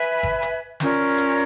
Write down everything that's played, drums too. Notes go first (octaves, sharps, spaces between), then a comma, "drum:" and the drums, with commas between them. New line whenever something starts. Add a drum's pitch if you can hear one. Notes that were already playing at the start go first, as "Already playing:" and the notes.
Already playing: B4 E5 G#5 B5
drum: kick G#1
drum: hi-hat
C#4 F4 A#4 D5, drum: snare
drum: hi-hat